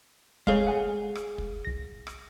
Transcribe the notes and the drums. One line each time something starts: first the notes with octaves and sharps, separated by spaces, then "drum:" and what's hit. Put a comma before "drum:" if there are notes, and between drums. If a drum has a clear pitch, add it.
G#3 G#4 A4 C#5 F5, drum: kick
F#5 G#5
drum: rim click
drum: kick
C2 A#6
drum: rim click